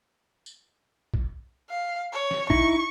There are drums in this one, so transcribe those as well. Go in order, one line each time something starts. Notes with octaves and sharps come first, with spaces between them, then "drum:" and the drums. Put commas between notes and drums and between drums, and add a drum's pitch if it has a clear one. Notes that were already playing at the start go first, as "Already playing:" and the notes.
drum: tambourine
drum: kick
F5
C#5
drum: snare
D#4 E4 C#6, drum: kick